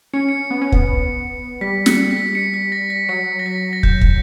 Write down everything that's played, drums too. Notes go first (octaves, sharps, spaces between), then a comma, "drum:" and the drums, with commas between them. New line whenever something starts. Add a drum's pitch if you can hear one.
C#4 C#7
C#7
B3
C#4
B3, drum: kick
G3 B6
C#7, drum: snare
B6
C#7
B6
A#6
B6
F#3 C#7
A#6
B6
A#6
G6, drum: kick
drum: kick